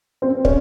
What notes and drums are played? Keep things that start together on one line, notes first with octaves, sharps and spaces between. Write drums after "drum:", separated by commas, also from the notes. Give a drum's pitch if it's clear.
C4
C#4, drum: kick